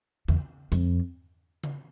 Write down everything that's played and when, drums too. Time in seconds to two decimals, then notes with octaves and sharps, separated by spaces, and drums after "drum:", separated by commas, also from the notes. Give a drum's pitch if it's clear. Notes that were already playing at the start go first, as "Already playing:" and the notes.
0.28 E2, drum: tom C#3
0.72 F2, drum: hi-hat
1.64 drum: tom C#3